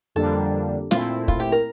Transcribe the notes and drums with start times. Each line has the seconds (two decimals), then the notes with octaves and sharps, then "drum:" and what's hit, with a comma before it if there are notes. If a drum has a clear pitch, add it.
0.15 F2 D3 G3 A#3 D4 A4
0.91 A#2 A3 C4 E4 F4, drum: snare
1.28 F4, drum: kick
1.40 G4
1.52 A#4